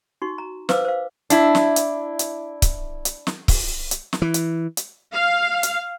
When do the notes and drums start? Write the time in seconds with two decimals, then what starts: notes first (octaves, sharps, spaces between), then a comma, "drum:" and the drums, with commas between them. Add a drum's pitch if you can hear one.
0.22 D#4 F#4 C#6
0.38 A#5
0.69 B4 C5 F5 D6 E6, drum: snare
0.85 C5 F5
1.30 D4 E4, drum: hi-hat
1.55 drum: snare
1.76 drum: hi-hat
2.19 drum: hi-hat
2.62 drum: kick C#1, hi-hat
3.05 drum: hi-hat
3.27 drum: snare
3.48 drum: kick C#1, open hi-hat
3.91 drum: hi-hat
4.13 drum: snare
4.22 E3
4.34 drum: hi-hat
4.77 drum: hi-hat
5.14 F5
5.63 drum: hi-hat